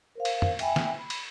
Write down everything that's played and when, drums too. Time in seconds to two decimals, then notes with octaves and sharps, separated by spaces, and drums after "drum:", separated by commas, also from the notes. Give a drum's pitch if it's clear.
0.15 A#4 C5 F5
0.25 drum: cymbal
0.42 drum: tom
0.59 E5 G5 G#5 B5, drum: cymbal
0.76 drum: snare
0.99 B5
1.10 drum: cymbal